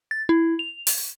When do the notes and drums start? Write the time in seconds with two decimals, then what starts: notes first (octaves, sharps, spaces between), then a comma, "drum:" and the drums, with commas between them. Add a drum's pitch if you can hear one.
0.11 A6
0.29 E4
0.59 F7
0.87 drum: open hi-hat